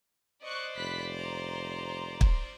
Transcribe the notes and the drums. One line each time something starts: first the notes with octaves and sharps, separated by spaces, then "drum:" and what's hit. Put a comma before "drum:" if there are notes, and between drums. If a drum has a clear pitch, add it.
C5 D5 D#5 C#6 F#6
F1 B5 F#6 B6
A#5 C6
drum: kick